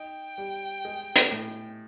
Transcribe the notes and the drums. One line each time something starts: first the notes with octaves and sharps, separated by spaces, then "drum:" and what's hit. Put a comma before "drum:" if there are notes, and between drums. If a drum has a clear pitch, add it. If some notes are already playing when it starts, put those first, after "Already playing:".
Already playing: D#4 G5
G3
G#3
drum: hi-hat
A2